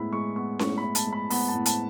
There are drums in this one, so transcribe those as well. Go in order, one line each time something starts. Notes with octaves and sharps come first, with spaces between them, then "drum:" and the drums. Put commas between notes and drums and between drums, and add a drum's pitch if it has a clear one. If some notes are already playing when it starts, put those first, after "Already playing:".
Already playing: A2 G#3 B3 E4 B5
G#3 C#6
B3 C#6
A2 C#6, drum: snare C#4
B5
E4
A5, drum: hi-hat
G#3
B5
B3 B5, drum: open hi-hat
A5
A2
A5, drum: hi-hat